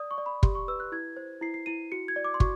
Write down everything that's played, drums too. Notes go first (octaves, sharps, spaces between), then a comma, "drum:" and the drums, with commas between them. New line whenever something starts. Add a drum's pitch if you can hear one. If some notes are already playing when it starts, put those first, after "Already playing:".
Already playing: D5 D#6
C#6
D5
B5
G4 C6, drum: kick
C#6
B4 E6
F#6
E4 G#6
C5
E4 C7
C7
E4 D#7
F#4 C#7
G#6
D5
D6
C6
F#4 C#6, drum: kick